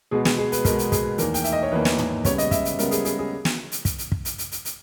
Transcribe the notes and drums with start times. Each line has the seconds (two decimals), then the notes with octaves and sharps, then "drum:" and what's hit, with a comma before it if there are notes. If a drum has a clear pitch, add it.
0.11 B2 G#3 B3 G#4
0.25 G#4, drum: snare
0.39 G#4
0.52 B4, drum: hi-hat
0.65 B2 G#3 B3 A#4, drum: kick, hi-hat
0.79 drum: hi-hat
0.92 G#4, drum: kick, hi-hat
1.18 E2 D#3 A#3 A#4, drum: hi-hat
1.34 G5, drum: hi-hat
1.44 E5, drum: hi-hat
1.53 D#5
1.63 C#5
1.72 E2 D#3 A#3 B4
1.85 drum: snare
1.98 drum: tom
2.25 C#3 G3 B3 C#5, drum: kick, hi-hat
2.38 D#5, drum: hi-hat
2.51 E5, drum: kick, hi-hat
2.65 drum: hi-hat
2.79 C#3 G3 B3 A#4, drum: hi-hat
2.91 G#4, drum: hi-hat
3.05 G#4, drum: hi-hat
3.19 G#4
3.45 drum: snare
3.72 drum: hi-hat
3.85 drum: kick, hi-hat
3.98 drum: hi-hat
4.12 drum: kick
4.25 drum: hi-hat
4.38 drum: hi-hat
4.52 drum: hi-hat
4.65 drum: hi-hat